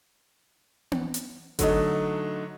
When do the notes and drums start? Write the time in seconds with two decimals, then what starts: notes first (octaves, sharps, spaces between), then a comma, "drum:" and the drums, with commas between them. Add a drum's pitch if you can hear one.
0.92 drum: tom B3
1.14 drum: hi-hat
1.59 D3 F#3 A3 D#4, drum: kick G1, hi-hat